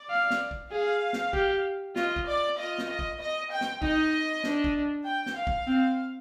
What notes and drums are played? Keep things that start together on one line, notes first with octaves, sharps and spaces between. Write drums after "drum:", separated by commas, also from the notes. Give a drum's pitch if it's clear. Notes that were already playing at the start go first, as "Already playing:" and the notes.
Already playing: D5
F5
drum: snare
drum: kick
G#4 F5
drum: snare
G4, drum: kick
F4 D#5, drum: snare
drum: kick
D5
F4 D#5
drum: snare
D#5
drum: kick
D#5
G5
drum: snare
D#4 D#5, drum: kick
D4, drum: snare
drum: kick
G5
drum: snare
F5
drum: kick
C4